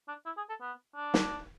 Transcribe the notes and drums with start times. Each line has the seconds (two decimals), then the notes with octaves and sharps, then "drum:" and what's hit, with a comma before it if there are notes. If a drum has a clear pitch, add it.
0.08 D4
0.26 E4
0.37 G#4
0.49 A4
0.61 B3
0.96 D4
1.14 drum: snare